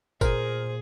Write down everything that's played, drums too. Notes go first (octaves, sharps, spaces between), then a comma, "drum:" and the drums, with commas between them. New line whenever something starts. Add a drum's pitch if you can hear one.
A#2 G#4 A#4 C5, drum: kick, tambourine